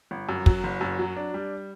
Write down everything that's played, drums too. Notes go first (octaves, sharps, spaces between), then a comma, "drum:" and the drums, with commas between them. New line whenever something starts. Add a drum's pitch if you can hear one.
G1
F#2
F#3, drum: kick
F#1
F#2
F#3
D4
G3